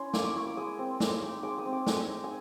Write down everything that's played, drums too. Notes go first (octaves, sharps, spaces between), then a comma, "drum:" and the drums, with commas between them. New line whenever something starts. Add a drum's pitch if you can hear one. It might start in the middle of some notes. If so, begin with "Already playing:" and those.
Already playing: C#4 E4 C6
A#3 D6, drum: snare
D6
E4 C#6
D6
G#3 D#6
C4
G#3 D6, drum: snare
D#4 D6
G#3 D6
D#6
C4
D6
G#3, drum: snare
D#4
G#5